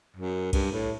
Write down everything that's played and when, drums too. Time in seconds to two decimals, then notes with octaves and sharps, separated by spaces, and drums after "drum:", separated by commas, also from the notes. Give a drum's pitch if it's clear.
0.16 F#2
0.53 G2, drum: kick, cymbal
0.72 A2